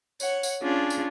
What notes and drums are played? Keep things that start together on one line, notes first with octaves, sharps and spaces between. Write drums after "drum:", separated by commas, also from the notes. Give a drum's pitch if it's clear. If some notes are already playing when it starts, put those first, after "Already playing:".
C#5 F#5, drum: tambourine
drum: tambourine
C#4 D4 F4 G#4
drum: tambourine